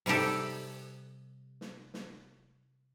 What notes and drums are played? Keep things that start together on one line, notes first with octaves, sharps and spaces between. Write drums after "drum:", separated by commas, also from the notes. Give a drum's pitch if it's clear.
C3 G3 D#4 G4 A4, drum: open hi-hat
drum: snare
drum: snare